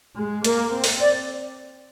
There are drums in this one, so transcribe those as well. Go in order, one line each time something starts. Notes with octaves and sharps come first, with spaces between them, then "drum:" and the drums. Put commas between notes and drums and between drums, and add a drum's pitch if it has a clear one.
G#3
A#3 A#4, drum: hi-hat
C4
drum: open hi-hat
D5